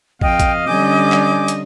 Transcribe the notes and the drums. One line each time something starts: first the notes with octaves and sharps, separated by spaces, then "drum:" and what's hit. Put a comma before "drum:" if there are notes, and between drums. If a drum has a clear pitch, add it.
F2 D#5 F5 G5, drum: kick
drum: kick, hi-hat
D3 G3 C#4 G#5 D6 G6
drum: clap
drum: hi-hat